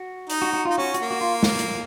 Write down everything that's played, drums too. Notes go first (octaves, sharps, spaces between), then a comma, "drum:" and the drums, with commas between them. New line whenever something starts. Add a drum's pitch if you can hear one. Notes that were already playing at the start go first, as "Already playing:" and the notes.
Already playing: F#4
D#4, drum: hi-hat
F#4
F#4
D#4 F4
C#4 F#4
F#4, drum: hi-hat
A#3
F#4
F4
drum: snare
drum: hi-hat